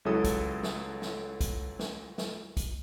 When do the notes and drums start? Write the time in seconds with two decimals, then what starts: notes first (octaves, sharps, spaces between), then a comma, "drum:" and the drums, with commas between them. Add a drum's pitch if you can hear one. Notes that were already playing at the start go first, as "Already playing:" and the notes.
0.05 C#2 F#3 E4 G#4 A4 D#6
0.24 drum: kick, hi-hat
0.63 drum: snare
1.02 drum: snare
1.41 drum: kick, hi-hat
1.79 drum: snare
2.18 drum: snare
2.57 drum: kick, hi-hat